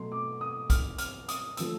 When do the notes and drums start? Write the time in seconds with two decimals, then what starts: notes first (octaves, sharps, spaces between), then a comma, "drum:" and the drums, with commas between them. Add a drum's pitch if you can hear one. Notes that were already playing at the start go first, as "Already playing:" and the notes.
Already playing: B2 F#3 A3 C6
0.12 D6
0.41 D#6
0.70 F6, drum: kick, hi-hat
0.98 F6, drum: hi-hat
1.28 D#6, drum: hi-hat
1.57 D3 F3 A3 E6, drum: hi-hat